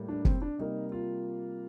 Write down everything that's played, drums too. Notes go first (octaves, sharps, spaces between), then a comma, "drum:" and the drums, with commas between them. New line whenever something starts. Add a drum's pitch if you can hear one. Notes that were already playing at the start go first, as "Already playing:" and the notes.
Already playing: A2 G3 A#3
D4
C4, drum: kick
D4
C3 G3 A#3 D#4
F4